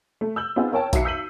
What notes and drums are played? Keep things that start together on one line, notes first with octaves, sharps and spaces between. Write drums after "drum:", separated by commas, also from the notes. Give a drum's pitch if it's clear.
A3
E6 G6 F#7
B3 C4 D#4 F4 G#4
A#4 C#5 G5 A5
B1 F#4 E5 C7 C#7, drum: kick A#1, hi-hat
E6 G6 B6 D#7 F#7